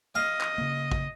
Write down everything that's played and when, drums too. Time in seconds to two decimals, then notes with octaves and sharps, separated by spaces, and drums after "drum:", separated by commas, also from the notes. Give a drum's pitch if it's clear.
0.15 D#5 F5
0.41 drum: clap
0.58 C#3 A#3
0.91 drum: kick